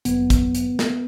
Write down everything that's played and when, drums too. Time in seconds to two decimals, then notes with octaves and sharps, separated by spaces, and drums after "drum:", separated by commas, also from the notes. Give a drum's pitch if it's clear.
0.05 G1 F#2 D3 F#3 B3, drum: hi-hat
0.30 drum: kick, hi-hat
0.55 drum: hi-hat
0.79 drum: snare